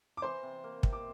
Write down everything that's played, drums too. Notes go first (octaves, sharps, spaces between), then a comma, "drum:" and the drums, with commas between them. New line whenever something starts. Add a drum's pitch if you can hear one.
D6
E3 C5 C6
C3
A#3
C3, drum: kick
D6